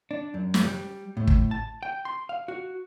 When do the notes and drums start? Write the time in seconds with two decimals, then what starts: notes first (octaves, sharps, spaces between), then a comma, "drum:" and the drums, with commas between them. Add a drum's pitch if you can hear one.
0.11 D4
0.34 F#2
0.54 drum: snare
0.64 G3
1.17 A2
1.27 drum: kick
1.51 A5
1.83 G5
2.05 C6
2.29 F5
2.48 F#4